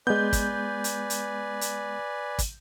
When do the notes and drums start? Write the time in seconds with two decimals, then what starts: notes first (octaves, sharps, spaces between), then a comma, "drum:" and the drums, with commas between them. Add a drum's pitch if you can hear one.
0.07 G#3 B3 B4 D5 G#5 G6
0.33 drum: kick, hi-hat
0.84 drum: hi-hat
1.10 drum: hi-hat
1.61 drum: hi-hat
2.39 drum: kick, hi-hat